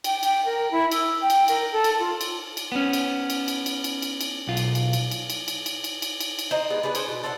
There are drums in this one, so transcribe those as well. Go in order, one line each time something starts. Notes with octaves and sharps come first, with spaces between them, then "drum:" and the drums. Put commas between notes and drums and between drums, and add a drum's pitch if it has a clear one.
G5, drum: cymbal
G5, drum: cymbal
A#4
E4
E6, drum: cymbal
G5
drum: cymbal
A#4, drum: cymbal
A4
drum: cymbal
F4
drum: cymbal
drum: cymbal
B3 C#4
drum: cymbal
drum: cymbal
drum: cymbal
drum: cymbal
drum: cymbal
drum: cymbal
drum: cymbal
B1 F4
drum: cymbal
drum: cymbal
drum: cymbal
drum: cymbal
drum: cymbal
drum: cymbal
drum: cymbal
drum: cymbal
drum: cymbal
drum: cymbal
drum: cymbal
C5 D#5 A#5
G#3 B3 D5
B3 D4 G#4 B4
C#4 G#4 B4 C5, drum: cymbal
B2
A4 C5 D5 F#5